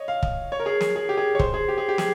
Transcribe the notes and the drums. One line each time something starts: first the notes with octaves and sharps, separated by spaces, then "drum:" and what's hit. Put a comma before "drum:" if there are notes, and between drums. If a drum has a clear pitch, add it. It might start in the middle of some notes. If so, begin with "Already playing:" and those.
Already playing: C#5 D#5
F5
drum: kick
C#5
A#4
G#4
G#4, drum: snare
G#4
G4
G#4
C#5
C5, drum: kick
G#4
G4
G#4
G4
G#4, drum: snare